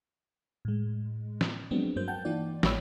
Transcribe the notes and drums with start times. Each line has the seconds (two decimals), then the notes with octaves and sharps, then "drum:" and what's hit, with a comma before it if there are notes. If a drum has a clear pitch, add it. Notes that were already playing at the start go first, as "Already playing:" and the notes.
0.65 A2 G#3
1.41 drum: snare
1.71 F3 F#3 G#3 B3 C4 D4
1.96 G2 F#3 A#3 C5 G6
2.08 F#5 G5 A5 G6
2.25 E3 A#3 D#4 F4 D5
2.63 A1 G#3 C#5 G5 B5 E6, drum: snare